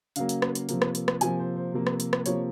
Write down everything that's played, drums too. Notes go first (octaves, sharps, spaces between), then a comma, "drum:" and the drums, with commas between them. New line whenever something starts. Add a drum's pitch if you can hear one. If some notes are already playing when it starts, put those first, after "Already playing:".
C#3 F#3 A#3 F5, drum: hi-hat
drum: hi-hat
drum: rim click
drum: hi-hat
C3 F3 A#3, drum: hi-hat
drum: rim click
drum: hi-hat
drum: rim click
C3 F3 A#3 G#5, drum: hi-hat
C5
C5
C3 F3 A#3
drum: rim click
drum: hi-hat
drum: rim click
C3 F3 A#3 C#5, drum: hi-hat